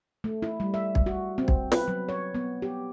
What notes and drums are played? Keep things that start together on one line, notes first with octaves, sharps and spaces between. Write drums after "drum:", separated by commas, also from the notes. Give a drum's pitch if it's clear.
A3
E4
G3
E5
drum: kick
F#4
C4
drum: kick
B4, drum: snare
F#3
C#5
B3
G4